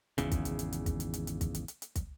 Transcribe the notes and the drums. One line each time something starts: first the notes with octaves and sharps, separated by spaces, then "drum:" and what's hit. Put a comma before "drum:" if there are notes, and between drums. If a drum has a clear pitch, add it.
G#1 E2 C#3, drum: hi-hat
drum: kick, hi-hat
drum: hi-hat
drum: hi-hat
drum: hi-hat
drum: kick, hi-hat
drum: hi-hat
drum: hi-hat
drum: hi-hat
drum: kick, hi-hat
drum: hi-hat
drum: hi-hat
drum: hi-hat
drum: kick, hi-hat